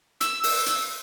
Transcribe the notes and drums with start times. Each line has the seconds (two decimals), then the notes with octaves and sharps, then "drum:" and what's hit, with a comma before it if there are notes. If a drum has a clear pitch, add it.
0.21 E6, drum: hi-hat
0.43 drum: open hi-hat
0.66 drum: hi-hat